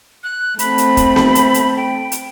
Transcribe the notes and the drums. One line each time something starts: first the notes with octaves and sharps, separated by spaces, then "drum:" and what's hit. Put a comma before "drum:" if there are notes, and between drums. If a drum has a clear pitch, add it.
F#6
A3 C4 B5, drum: hi-hat
drum: hi-hat
drum: kick, hi-hat
drum: snare B3
drum: hi-hat
drum: hi-hat
G5
drum: hi-hat